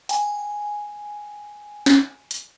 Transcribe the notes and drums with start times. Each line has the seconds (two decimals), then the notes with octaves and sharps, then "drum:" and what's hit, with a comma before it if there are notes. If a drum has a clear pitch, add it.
0.09 G5 G#5, drum: hi-hat
1.86 drum: snare
2.31 drum: hi-hat